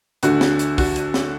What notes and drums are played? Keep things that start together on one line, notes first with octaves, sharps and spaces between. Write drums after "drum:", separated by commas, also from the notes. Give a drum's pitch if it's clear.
D2 D3 F#4, drum: hi-hat
drum: snare
drum: hi-hat
F#4, drum: kick, open hi-hat
drum: hi-hat
drum: snare